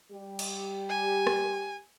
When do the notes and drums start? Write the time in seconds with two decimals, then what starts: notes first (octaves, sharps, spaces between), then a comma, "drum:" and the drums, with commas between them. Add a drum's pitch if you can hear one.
0.12 G3 G4
0.39 drum: cymbal
0.89 G#5
1.27 drum: rim click